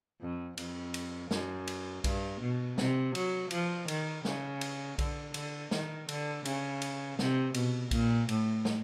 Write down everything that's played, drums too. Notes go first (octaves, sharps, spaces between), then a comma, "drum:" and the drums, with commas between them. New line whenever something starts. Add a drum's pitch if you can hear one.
F2
F2, drum: cymbal
drum: cymbal
F#2, drum: snare
drum: cymbal
G2, drum: kick B1, cymbal
B2
C3, drum: snare
F#3, drum: cymbal
F3, drum: cymbal
D#3, drum: cymbal
C#3, drum: snare
drum: cymbal
D3, drum: kick B1, cymbal
D3, drum: cymbal
D#3, drum: snare
D3, drum: cymbal
C#3, drum: cymbal
drum: cymbal
C3, drum: snare
B2, drum: cymbal
A#2, drum: kick B1, cymbal
A2, drum: cymbal
drum: snare